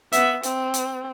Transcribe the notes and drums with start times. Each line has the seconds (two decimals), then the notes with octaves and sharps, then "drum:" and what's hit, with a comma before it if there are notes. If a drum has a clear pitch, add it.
0.12 B3 E5, drum: hi-hat
0.43 C4, drum: hi-hat
0.74 drum: hi-hat